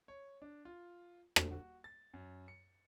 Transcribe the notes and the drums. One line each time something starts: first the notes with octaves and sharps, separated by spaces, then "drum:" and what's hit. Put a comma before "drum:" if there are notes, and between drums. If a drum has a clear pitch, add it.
C#5
D4
F4
D#1, drum: rim click
F#4
A6
F#2
C#7